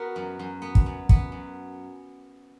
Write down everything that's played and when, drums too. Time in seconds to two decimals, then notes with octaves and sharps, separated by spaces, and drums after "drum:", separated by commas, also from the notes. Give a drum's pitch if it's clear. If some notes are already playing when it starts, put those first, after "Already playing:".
Already playing: B3 F#4 A#4
0.16 F#2
0.39 F#2
0.62 B3
0.75 drum: kick
0.86 F#2
1.09 B3, drum: kick
1.32 F#2